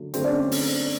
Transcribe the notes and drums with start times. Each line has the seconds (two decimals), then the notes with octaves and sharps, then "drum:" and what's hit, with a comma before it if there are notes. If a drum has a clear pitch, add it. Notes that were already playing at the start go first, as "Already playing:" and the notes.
Already playing: D3 F#3 A3
0.14 D3 F#3 A3 C4, drum: hi-hat
0.24 D4
0.28 C#4
0.52 drum: open hi-hat